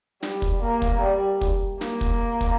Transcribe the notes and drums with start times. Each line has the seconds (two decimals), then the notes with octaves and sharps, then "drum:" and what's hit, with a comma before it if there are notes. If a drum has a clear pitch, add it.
0.23 G3, drum: snare
0.42 drum: kick
0.62 A#3
0.82 drum: kick
1.01 G3
1.41 drum: kick
1.81 A#3, drum: snare
2.01 drum: kick
2.41 drum: kick